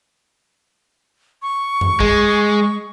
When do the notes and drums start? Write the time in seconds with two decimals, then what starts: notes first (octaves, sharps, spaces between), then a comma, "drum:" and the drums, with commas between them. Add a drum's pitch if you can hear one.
1.42 C#6
1.81 drum: tom F2
2.00 G#3, drum: kick